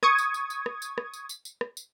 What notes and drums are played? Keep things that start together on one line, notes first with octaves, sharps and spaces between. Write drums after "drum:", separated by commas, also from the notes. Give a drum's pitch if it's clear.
C#6 D#6 G#6, drum: rim click
drum: tambourine
drum: tambourine
drum: tambourine
drum: rim click
drum: tambourine
drum: rim click
drum: tambourine
drum: tambourine
drum: tambourine
drum: rim click
drum: tambourine